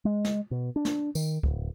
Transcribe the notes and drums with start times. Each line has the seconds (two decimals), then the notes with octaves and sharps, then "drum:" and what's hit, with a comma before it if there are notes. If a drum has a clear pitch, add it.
0.05 G#3
0.25 drum: snare
0.51 B2
0.76 D4
0.85 drum: snare
1.15 D#3, drum: tambourine
1.43 D1, drum: kick